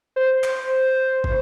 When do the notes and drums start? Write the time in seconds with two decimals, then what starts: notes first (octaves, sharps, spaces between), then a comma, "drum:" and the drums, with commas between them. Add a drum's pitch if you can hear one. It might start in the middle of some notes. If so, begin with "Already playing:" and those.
0.16 C5
0.44 drum: clap
1.24 drum: kick